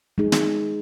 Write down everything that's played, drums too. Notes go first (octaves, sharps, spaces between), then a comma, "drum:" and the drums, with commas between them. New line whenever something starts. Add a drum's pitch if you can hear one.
G#3 D#4 G#4
drum: snare